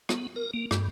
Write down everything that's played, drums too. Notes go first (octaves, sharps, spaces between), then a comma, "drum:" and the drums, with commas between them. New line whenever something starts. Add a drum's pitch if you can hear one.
B3, drum: rim click
A#4
A#3
G2, drum: rim click